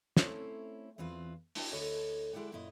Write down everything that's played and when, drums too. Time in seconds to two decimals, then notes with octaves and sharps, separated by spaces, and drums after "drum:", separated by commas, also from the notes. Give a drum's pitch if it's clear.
0.17 A3 C4 C#4 E4 C5 C#5, drum: snare
0.98 E2 E3 C4 F4 B4
1.55 D4 E4 F#4 G4 G5 A5, drum: open hi-hat
1.72 D2 E4 A4 C#5 D#5
2.33 G#3 E4 G4 D5 F#5
2.52 F#2 A#2 E4 D#5